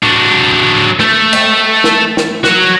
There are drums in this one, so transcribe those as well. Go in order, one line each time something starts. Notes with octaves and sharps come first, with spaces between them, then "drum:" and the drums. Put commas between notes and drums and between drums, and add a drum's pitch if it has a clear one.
F#3 D4
A3, drum: rim click
drum: cymbal
drum: snare
drum: snare
F#4 C#5, drum: snare